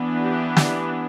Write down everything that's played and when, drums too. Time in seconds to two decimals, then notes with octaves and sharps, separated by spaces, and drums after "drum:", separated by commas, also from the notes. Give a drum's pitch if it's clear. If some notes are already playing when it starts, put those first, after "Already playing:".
Already playing: E3 B3 D4
0.20 G4
0.57 drum: snare